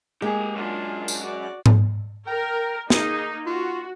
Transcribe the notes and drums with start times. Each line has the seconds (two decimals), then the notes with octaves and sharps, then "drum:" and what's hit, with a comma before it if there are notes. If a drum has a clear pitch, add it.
0.22 G#3 A#3 G4 G#5
0.55 F#2 D4 F4
1.08 drum: tambourine
1.21 F#4 D5
1.66 drum: tom G#2
2.27 A#4 G5
2.90 A#3 D#4 G#4, drum: snare
3.46 F4 F#4